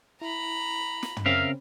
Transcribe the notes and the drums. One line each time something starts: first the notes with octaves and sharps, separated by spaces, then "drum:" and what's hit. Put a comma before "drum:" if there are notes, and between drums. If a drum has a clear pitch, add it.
E4 A#5 B5
drum: snare
drum: tom
C#3 C4 C#4 A#4 E5 F5